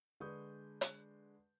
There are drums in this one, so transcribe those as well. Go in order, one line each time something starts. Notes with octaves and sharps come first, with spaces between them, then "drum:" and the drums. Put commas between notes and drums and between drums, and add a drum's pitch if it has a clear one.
D3 G#3 B4 C#6 D#6 G6
drum: hi-hat